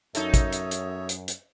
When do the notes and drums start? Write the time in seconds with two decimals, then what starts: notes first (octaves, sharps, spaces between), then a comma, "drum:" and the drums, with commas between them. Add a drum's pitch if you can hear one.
0.15 F#2 D#4 A4 C#5 E5, drum: hi-hat
0.34 drum: kick, hi-hat
0.53 drum: hi-hat
0.71 drum: hi-hat
1.09 drum: hi-hat
1.28 drum: hi-hat